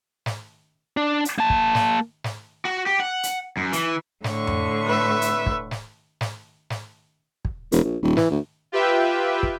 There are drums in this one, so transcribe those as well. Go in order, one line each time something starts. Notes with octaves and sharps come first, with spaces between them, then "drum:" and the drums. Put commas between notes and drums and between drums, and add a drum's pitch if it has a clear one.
drum: snare
D4
drum: hi-hat
A#3 A5
drum: kick
drum: snare
drum: snare
F#4
G4
F#5
drum: hi-hat
F#2
E3, drum: hi-hat
A2 D3 C#6, drum: snare
drum: tom F2
B4 E5
drum: hi-hat
drum: kick
drum: snare
drum: snare
drum: snare
drum: kick
E1, drum: hi-hat
A#1
D#1
E3, drum: snare
D2
F4 G4 B4 E5 G5
drum: kick